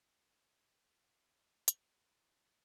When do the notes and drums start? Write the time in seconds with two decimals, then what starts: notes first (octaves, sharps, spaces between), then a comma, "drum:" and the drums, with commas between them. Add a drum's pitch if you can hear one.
0.64 B3 F5
1.68 drum: hi-hat
2.09 C#3 C#4 E4 G4 F5 A#5